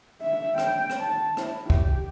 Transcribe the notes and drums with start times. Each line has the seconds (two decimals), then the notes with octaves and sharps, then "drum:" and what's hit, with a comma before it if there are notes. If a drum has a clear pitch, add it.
0.22 E5
0.58 G5, drum: rim click
0.90 drum: rim click
1.00 A5
1.37 E4, drum: rim click
1.70 G4, drum: kick